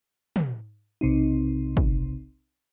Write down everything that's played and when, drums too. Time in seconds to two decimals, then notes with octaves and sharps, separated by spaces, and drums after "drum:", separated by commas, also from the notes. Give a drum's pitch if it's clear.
0.36 drum: tom
1.01 B1 C3 C4 D#4
1.77 drum: kick